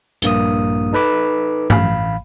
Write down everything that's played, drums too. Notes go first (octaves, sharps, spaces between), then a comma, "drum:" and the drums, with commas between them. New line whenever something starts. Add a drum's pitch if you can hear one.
A#1 G2 A#3 D#6, drum: hi-hat
D#4 A4 B4 B5 D6
A1 F5 B5, drum: tom G2